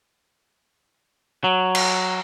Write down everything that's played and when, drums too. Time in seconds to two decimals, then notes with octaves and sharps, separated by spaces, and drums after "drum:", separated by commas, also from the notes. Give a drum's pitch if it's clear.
1.44 F#3
1.75 drum: cymbal